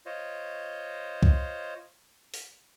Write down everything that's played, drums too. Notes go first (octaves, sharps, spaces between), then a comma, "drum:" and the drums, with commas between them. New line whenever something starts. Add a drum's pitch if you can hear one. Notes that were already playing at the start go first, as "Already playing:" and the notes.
F4 C5 C#5 D#5
drum: kick
drum: open hi-hat